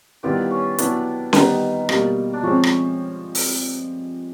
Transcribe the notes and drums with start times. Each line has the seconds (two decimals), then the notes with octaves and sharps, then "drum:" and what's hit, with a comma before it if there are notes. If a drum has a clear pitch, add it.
0.23 D#3 G3 B3 E4 F4 G4
0.51 C#4
0.79 F#3 B3 D4 E4, drum: hi-hat
1.33 D#3 G3 B3 D#4, drum: snare C#4
1.89 B2 G3 A#3, drum: rim click
2.33 D4
2.43 F3 G#3 C4 C#4
2.63 drum: rim click
3.35 drum: open hi-hat